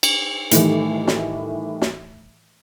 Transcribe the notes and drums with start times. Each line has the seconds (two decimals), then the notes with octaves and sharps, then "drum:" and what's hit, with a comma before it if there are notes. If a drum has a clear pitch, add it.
0.03 drum: cymbal
0.51 A2 D#3 E3 G3 A3, drum: hi-hat
1.07 drum: snare
1.82 drum: snare